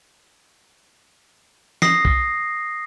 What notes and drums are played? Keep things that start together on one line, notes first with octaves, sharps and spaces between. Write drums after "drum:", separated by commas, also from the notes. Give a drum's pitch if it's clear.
D#6 A#6 C7, drum: snare
drum: kick